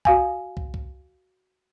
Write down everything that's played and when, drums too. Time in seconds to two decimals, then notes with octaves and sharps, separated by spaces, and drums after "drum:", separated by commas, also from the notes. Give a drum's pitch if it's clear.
0.05 F#4 F5 G#5, drum: kick
0.57 drum: kick
0.74 drum: kick